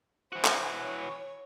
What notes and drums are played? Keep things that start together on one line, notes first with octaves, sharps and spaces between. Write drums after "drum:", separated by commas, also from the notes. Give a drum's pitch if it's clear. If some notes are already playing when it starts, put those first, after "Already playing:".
E3 F#4 C5
drum: clap
C#5